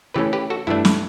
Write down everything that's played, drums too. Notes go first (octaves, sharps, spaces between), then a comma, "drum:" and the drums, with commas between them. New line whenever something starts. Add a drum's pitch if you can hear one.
C#3 E3 A3 C#4 G4 B4
G4 B4
F#4 A4
G2 E3 A3 D4 E4
drum: snare